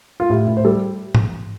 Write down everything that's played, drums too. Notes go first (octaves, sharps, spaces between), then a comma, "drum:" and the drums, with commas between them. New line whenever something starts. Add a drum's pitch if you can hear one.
F4
A2 G4
A2
C5
G3 A4
drum: tom G#2